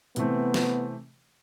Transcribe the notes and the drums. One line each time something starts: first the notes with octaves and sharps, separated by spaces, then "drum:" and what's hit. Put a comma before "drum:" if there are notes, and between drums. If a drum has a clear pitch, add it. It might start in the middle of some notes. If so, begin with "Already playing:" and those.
C3 E3 A3 B3 C4, drum: hi-hat
drum: snare